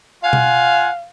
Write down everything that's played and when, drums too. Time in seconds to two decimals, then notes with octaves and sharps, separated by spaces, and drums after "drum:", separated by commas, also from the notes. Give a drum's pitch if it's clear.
0.24 F4 F5 F#5 G#5
0.33 drum: tom B2